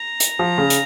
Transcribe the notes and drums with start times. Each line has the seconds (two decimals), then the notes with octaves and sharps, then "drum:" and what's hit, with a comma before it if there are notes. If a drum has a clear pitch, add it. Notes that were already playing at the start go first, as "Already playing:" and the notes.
Already playing: A#5
0.20 drum: hi-hat
0.39 F3
0.58 C#3
0.70 drum: hi-hat